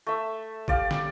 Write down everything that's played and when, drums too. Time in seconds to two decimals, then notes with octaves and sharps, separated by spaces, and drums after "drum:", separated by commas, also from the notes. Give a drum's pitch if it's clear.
0.07 A3 E5
0.68 G4 D5 F5, drum: kick G#1
0.91 drum: snare